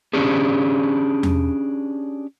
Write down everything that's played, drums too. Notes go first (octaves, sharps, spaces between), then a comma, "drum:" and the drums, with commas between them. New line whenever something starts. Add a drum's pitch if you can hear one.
C#4 D4 G4 G#4
drum: tom E2